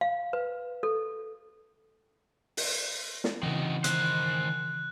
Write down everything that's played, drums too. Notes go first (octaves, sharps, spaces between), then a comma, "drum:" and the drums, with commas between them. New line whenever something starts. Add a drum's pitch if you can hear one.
F5
B4
A4
drum: open hi-hat
drum: snare
C#3 E3 C4 D#4 F#4
D#3 C5 F#6, drum: hi-hat